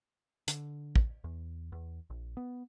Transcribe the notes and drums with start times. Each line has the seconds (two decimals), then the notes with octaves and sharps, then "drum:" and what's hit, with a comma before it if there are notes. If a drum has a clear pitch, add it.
0.48 D3, drum: hi-hat
0.96 drum: kick
1.24 E2
1.72 E2
2.10 A#1
2.37 B3